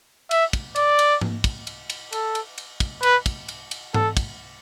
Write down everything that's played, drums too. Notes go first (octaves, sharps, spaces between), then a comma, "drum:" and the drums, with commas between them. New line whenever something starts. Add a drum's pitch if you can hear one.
E5, drum: cymbal
drum: kick, cymbal
D5, drum: cymbal
drum: cymbal
drum: tom
drum: kick, cymbal
drum: cymbal
drum: cymbal
A4, drum: cymbal
drum: cymbal
drum: cymbal
drum: kick, cymbal
B4, drum: cymbal
drum: kick, cymbal
drum: cymbal
drum: cymbal
A4, drum: tom G#2
drum: kick, cymbal